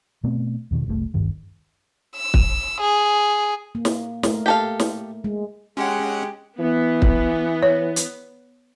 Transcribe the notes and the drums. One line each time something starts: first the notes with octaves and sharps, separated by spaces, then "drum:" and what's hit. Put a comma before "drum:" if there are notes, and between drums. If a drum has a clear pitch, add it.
B2 A3 B3 C4
E2 B2 D#3
F#1 C2 A#2 A3
D1 G#1 G2 D#3
E6
drum: kick
G#4
A#3
drum: snare
A3 A#4, drum: snare
G4 A4 F5
drum: snare
G#3
G#3 C#4 G4 F#5
E3 B3
drum: kick
C#5
drum: hi-hat